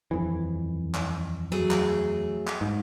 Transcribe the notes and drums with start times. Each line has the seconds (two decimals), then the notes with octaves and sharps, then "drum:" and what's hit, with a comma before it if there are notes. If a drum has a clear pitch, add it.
0.11 D#1 F2 E3
0.94 drum: clap
1.52 F#3 A3 G#4
1.71 drum: clap
2.47 drum: clap
2.61 G#2